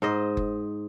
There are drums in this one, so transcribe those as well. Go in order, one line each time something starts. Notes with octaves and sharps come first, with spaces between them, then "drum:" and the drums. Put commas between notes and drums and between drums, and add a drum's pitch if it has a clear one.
G#2 C5 D#5
drum: kick F#1